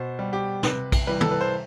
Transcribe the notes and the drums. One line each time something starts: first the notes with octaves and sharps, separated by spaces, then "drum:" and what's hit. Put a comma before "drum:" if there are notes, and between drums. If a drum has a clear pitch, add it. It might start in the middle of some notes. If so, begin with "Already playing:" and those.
Already playing: B2 C5
G3
G4
C3 B4, drum: snare
drum: kick A#1, cymbal
E3 G3 B4
A4, drum: tom
B4
C5